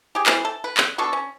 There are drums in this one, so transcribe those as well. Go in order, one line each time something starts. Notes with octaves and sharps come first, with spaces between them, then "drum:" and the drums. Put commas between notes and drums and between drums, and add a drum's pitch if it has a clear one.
G4 G#4
E3 C5, drum: clap
A4
B4
drum: clap
B2 D4 A4 C#6
C#4